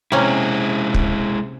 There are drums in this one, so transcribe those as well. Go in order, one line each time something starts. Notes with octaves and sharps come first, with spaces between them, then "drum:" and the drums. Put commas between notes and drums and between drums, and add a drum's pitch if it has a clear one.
C3 G#3 A#3 C#4 E4
drum: kick